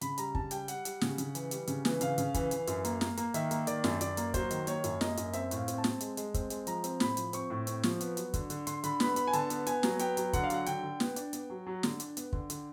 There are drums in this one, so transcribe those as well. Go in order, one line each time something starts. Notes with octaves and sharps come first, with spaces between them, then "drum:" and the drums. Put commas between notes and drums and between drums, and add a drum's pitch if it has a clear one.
C#3 B5, drum: hi-hat
G3 A#5, drum: hi-hat
C#3 A5, drum: kick
G3 G5, drum: hi-hat
G3 F#5, drum: hi-hat
G3, drum: hi-hat
C#3, drum: snare
C#3, drum: hi-hat
E3, drum: hi-hat
G3, drum: hi-hat
C#3, drum: hi-hat
E3, drum: snare
C#3 F5, drum: hi-hat
C#3, drum: hi-hat
E3, drum: kick, hi-hat
E3, drum: hi-hat
F#2, drum: hi-hat
A#3, drum: hi-hat
A#3, drum: snare
A#3, drum: hi-hat
D#3 E5, drum: hi-hat
A#3, drum: hi-hat
D#3 D5, drum: hi-hat
F#2, drum: snare
F#2 D5, drum: hi-hat
A#3, drum: hi-hat
F#3 C5, drum: kick, hi-hat
D#3, drum: hi-hat
A#3 C#5, drum: hi-hat
F#2, drum: hi-hat
A#3 D#5, drum: snare
F#2, drum: hi-hat
C4 E5, drum: hi-hat
A2, drum: hi-hat
F5
C4, drum: hi-hat
A5
C4, drum: snare
G#3, drum: hi-hat
G#3, drum: hi-hat
C4, drum: kick, hi-hat
G#3, drum: hi-hat
F3 A#5, drum: hi-hat
C4, drum: hi-hat
A2 B5, drum: snare
F3, drum: hi-hat
C4 C#6, drum: hi-hat
A2
C4, drum: hi-hat
F3, drum: snare
B3, drum: hi-hat
F#3, drum: hi-hat
D3, drum: kick, hi-hat
D3, drum: hi-hat
D3 C6, drum: hi-hat
D3 B5, drum: hi-hat
B3 B5, drum: snare
B3 B5, drum: hi-hat
G#5
D3 A5, drum: hi-hat
B3, drum: hi-hat
B3 G#5, drum: hi-hat
F#3, drum: snare
B3 G5, drum: hi-hat
F#3, drum: hi-hat
D3 F#5, drum: kick, hi-hat
F5
F#3 F#5, drum: hi-hat
D3 G5, drum: hi-hat
D3
B3, drum: snare
D4, drum: hi-hat
B3, drum: hi-hat
F#3
F#3
D3, drum: snare
D4, drum: hi-hat
B3, drum: hi-hat
D3, drum: kick
D3, drum: hi-hat